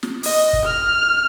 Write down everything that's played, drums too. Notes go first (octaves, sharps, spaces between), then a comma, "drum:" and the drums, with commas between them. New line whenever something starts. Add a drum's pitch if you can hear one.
drum: snare
D#5, drum: open hi-hat
drum: kick
F6